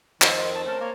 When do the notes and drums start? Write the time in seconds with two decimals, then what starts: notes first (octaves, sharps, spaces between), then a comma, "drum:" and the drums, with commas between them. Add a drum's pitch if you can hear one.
0.22 F2 D#3 C4 D#5, drum: clap
0.53 A5
0.66 A3 C#4 A#4 A5
0.80 A#3 C#5